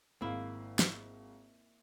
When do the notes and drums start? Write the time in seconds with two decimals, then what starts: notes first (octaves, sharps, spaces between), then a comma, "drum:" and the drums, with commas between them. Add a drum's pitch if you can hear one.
0.21 G#1 A#3 E4 F5
0.79 drum: snare